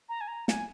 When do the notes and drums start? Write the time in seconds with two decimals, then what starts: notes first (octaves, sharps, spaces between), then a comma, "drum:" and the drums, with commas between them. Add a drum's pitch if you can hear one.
0.09 A#5
0.21 G#5
0.28 A#5
0.48 G#5, drum: snare